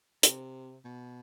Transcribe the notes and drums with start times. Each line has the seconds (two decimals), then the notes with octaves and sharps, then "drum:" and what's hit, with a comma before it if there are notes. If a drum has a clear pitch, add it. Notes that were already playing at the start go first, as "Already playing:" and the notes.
0.23 C3, drum: hi-hat
0.85 B2